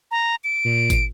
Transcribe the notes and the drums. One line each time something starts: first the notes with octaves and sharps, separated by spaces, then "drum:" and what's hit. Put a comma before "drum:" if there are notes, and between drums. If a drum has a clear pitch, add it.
A#5
D7
A#2
drum: kick G#1, tambourine